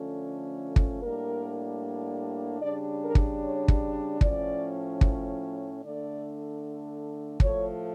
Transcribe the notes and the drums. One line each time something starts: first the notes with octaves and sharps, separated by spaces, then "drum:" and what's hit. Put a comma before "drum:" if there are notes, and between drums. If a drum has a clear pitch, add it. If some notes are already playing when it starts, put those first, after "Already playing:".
Already playing: D3 F3 A3 C#4
drum: kick
A2 G3 A#3 D4 A#4
C#3 G3 D4 D5
A#4
drum: kick
C#5
drum: kick
A2 F3 C#4 D5, drum: kick
drum: kick
D3 A3 D4 D5
A2 F3 A3 C#5, drum: kick